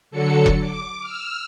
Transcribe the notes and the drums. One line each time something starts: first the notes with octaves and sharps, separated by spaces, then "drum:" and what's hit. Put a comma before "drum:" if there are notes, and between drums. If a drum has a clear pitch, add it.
D3 F#3 A4 C#7
drum: kick F1
D6
E6 F6